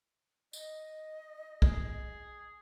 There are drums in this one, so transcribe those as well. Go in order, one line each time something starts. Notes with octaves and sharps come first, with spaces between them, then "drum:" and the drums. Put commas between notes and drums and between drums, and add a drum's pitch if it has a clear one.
D#5, drum: tambourine
G#4, drum: kick